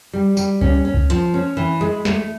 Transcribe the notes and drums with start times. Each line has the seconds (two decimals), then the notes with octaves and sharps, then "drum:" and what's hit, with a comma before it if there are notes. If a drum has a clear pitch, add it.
0.13 G3
0.37 G3, drum: tambourine
0.61 C#4, drum: kick C#2
0.85 C#4
0.94 drum: kick C#2
1.10 F3, drum: hi-hat
1.34 C#4
1.57 E3
1.81 G#3
2.05 A3, drum: snare